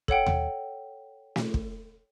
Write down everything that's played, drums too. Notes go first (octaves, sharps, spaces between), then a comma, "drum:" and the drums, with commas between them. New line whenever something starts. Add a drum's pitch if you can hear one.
A4 C#5 F#5 G5, drum: kick
drum: tom D#2
drum: snare
drum: kick